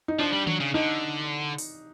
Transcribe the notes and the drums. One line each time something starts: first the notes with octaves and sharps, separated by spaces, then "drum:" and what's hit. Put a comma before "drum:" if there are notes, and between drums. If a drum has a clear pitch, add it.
D#4
F3 D4
G3
F#3, drum: tom D#3
C#3
D3 D#4
drum: open hi-hat